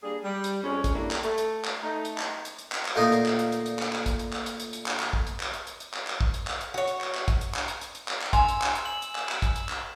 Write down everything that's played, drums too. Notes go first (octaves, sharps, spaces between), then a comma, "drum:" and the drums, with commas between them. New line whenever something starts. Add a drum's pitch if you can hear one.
G3 A#3 D4 G#4
G3
drum: hi-hat
F2 G#3 C#4
drum: kick, hi-hat
G3 A3 A#3 D4 E4
drum: clap
A3, drum: hi-hat
drum: hi-hat
drum: clap
A3 D#4
drum: hi-hat
drum: clap
drum: hi-hat
drum: hi-hat
drum: clap
drum: clap
D2 A#2 D#4 F4
drum: hi-hat
drum: clap
drum: hi-hat
drum: hi-hat
drum: hi-hat
drum: clap
drum: clap
drum: kick, hi-hat
drum: hi-hat
drum: clap
drum: hi-hat
drum: hi-hat
drum: hi-hat
drum: clap
drum: clap
drum: kick
drum: hi-hat
drum: clap
drum: hi-hat
drum: hi-hat
drum: hi-hat
drum: clap
drum: clap
drum: kick
drum: hi-hat
drum: clap
drum: hi-hat
F#4 C#5
drum: hi-hat
drum: clap
drum: clap
drum: kick, hi-hat
drum: hi-hat
drum: clap
drum: hi-hat
drum: hi-hat
drum: hi-hat
drum: clap
drum: clap
G#5 C6 E6, drum: kick, hi-hat
drum: hi-hat
drum: clap
drum: hi-hat
F#7
drum: hi-hat
drum: clap
drum: clap
drum: kick, hi-hat
drum: hi-hat
drum: clap